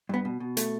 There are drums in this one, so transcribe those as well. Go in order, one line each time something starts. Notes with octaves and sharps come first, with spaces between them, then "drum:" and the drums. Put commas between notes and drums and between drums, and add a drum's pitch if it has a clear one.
G2 B3
B2
B2
A3, drum: hi-hat